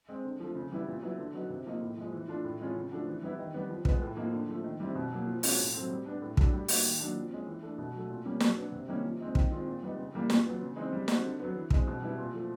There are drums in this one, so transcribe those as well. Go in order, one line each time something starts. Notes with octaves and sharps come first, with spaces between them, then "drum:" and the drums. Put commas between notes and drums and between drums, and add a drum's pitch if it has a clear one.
G#3 C4
D3
F3 A3
C#3
E3 G3 B3 E4
A#2
F#3 B3 E4
D3
F#3 B3 D#4 F#4
C3
F3 A#3 D#4
A2
F3 G#3
E3
A3 D4 F4
A2
E3 G#3 C#4 F4
C#3
F3 A3 D4 F#4
E3
G3 B3 E4
D#3
G3 B3
F3
G#3 B3, drum: kick
A2
F3 A#3 D#4
D3
F3 A3
D#3
G3 C4 E4
B2
F#3 A#3
F3
G#3 C#4 F#4, drum: open hi-hat
A2
F#3 A3 C4
G3
B3 D4
A2
F#3 A3 D4, drum: kick
G3
A#3 D#4 F#4, drum: open hi-hat
D#3
F#3 A#3 D4
F3
G#3 C#4
E3
A3 D4
B2
F#3 A3
A#2
G3 A#3 C#4
F#3, drum: snare
B3 D4 F#4
C3
D#3 G3 A#3 C#4
F3
G#3 C4 D#4
D#3, drum: kick
G#3 C4 F4
A#2
G3 B3 D#4
C#3
E3 G3 A#3
A#2, drum: snare
F#3 B3
C#3
E3 G#3 C4 D#4
G3
C4 D#4 F#4, drum: snare
D3
F#3 B3
E3
G#3 C4, drum: kick
B2
G3 B3 E4
A#2
F3 A3